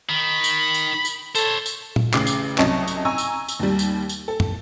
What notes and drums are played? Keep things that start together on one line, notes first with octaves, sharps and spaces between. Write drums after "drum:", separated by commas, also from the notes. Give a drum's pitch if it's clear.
D#3 B5
drum: tambourine
drum: tambourine
drum: tambourine
A4 C5 C#5, drum: tambourine
drum: tambourine
drum: tom A#2
A1 C#3 D6 C7, drum: clap
drum: tambourine
C2 F#3 C#4 D#5 A5 C#6, drum: clap
drum: tambourine
G#5 A#5 C#6 E6
drum: tambourine
drum: tambourine
D#2 G3
drum: tambourine
drum: tambourine
A4
drum: tom